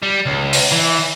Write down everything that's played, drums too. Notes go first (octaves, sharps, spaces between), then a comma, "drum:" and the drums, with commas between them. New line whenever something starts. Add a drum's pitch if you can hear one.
G3
C#2
drum: open hi-hat
E3